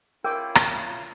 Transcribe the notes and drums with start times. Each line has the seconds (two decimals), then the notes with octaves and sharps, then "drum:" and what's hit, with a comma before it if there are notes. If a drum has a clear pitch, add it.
0.24 C#4 E4 F4 A#4 G5 D6
0.55 drum: rim click